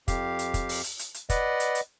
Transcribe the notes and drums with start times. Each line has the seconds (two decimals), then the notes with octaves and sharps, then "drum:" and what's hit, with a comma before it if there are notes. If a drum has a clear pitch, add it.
0.08 F2 G4 F5, drum: kick, hi-hat
0.39 drum: hi-hat
0.54 drum: kick, hi-hat
0.69 drum: open hi-hat
0.84 drum: hi-hat
0.99 drum: hi-hat
1.14 drum: hi-hat
1.30 B4 D5 D#5 F#5, drum: kick, hi-hat
1.60 drum: hi-hat
1.75 drum: hi-hat